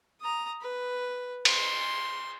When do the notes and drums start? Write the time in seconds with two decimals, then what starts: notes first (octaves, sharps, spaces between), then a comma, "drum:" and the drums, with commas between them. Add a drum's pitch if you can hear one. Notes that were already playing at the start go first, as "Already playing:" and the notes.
0.20 A#5 D#6
0.61 B4
1.45 C6, drum: cymbal